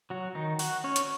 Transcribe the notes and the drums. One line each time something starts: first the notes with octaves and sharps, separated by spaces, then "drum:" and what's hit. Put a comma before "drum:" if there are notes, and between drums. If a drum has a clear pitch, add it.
F#3 F#4
D#3 D#4
F#4 F#5, drum: open hi-hat
C#4 C#5
drum: hi-hat